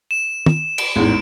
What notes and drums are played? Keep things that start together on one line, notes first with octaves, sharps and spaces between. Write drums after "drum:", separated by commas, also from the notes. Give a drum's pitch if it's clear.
E7
drum: tom
D7, drum: cymbal
A1 E2 G#2